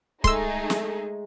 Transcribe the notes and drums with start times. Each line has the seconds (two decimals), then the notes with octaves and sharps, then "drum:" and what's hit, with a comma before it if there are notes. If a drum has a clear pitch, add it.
0.24 G#3 A3 D#4 G#4 A4 C6 E6, drum: kick C#1
0.70 drum: snare